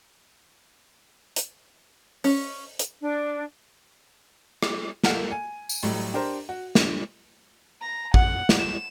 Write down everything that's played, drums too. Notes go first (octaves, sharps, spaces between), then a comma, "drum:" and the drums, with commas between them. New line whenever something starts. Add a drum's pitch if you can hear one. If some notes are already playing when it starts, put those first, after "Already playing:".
drum: hi-hat
C#4, drum: open hi-hat
drum: hi-hat
D4
drum: rim click
A#3 A4 F5 F#5, drum: snare
G#5
drum: tambourine
A1 A2 F#3 G3, drum: open hi-hat
D4 G4 A#4 C5
F#4
D3, drum: snare
A#5
F#5, drum: kick
drum: snare
E7